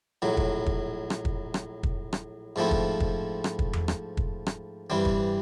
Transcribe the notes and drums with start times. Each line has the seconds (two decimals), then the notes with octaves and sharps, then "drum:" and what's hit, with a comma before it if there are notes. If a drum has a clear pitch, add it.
0.22 A#1 A2 F#3
0.37 drum: kick
0.66 drum: kick
1.10 drum: rim click
1.25 drum: kick
1.54 drum: rim click
1.83 drum: kick
2.13 drum: rim click
2.56 G#2 F3 A3 C4 E4
2.71 drum: kick
3.00 drum: kick
3.44 drum: rim click
3.59 drum: kick
3.73 drum: tom E2
3.88 drum: rim click
4.17 drum: kick
4.46 drum: rim click
4.90 G2 E3 G3 C4
5.05 drum: kick